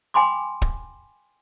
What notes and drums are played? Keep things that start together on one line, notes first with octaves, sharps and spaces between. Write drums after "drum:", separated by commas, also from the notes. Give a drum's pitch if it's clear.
G5 G#5 B5 C6 D6
drum: kick